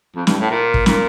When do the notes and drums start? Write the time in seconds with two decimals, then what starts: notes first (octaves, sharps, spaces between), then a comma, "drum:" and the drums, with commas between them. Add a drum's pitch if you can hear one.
0.15 F2
0.27 G2, drum: snare
0.40 A2
0.50 A#2
0.74 drum: kick
0.86 A#2, drum: snare